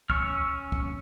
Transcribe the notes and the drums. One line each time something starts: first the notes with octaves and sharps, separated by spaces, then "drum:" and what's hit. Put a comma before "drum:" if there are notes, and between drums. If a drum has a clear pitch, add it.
C#4 C#6 E6 F6, drum: kick
drum: kick